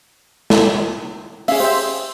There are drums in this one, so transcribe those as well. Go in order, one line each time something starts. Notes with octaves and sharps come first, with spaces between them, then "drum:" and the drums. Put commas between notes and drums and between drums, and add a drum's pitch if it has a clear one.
drum: snare
C#4 G#4 E5 F5, drum: open hi-hat
G4 C5 E5